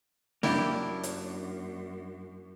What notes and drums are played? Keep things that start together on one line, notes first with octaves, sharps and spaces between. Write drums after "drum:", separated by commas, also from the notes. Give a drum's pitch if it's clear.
F#2 A#3 D4 E4 G4, drum: snare
drum: hi-hat